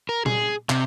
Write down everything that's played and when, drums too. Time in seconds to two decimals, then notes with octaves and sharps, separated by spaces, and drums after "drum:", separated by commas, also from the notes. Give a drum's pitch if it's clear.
0.09 A#4
0.26 G#4, drum: tom A#2
0.70 C3, drum: clap